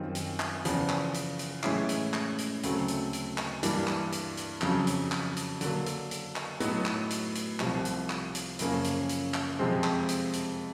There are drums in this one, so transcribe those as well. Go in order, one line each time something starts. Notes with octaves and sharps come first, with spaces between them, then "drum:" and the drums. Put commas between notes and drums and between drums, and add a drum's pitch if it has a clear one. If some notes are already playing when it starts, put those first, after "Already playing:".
Already playing: F#2 D#3 G3 C4 F4
drum: hi-hat
drum: clap
E2 C#3 F3, drum: hi-hat
drum: clap
drum: hi-hat
drum: hi-hat
A2 E3 G#3 C#4 E4, drum: clap
drum: hi-hat
drum: clap
drum: hi-hat
D2 C#3 F#3 A3 C4, drum: hi-hat
drum: hi-hat
drum: hi-hat
drum: clap
G2 E3 G3 A#3 D4, drum: hi-hat
drum: clap
drum: hi-hat
drum: hi-hat
F2 C#3 F#3, drum: clap
drum: hi-hat
drum: clap
drum: hi-hat
D3 F#3 A#3, drum: hi-hat
drum: hi-hat
drum: hi-hat
drum: clap
A2 F#3 B3 D#4 F#4, drum: hi-hat
drum: clap
drum: hi-hat
drum: hi-hat
C2 C3 F3, drum: clap
drum: hi-hat
drum: clap
drum: hi-hat
F#2 C#3 F3 A#3 C#4, drum: hi-hat
drum: hi-hat
drum: hi-hat
drum: clap
F2 C3 F3 G#3 C4
drum: clap
drum: hi-hat
drum: hi-hat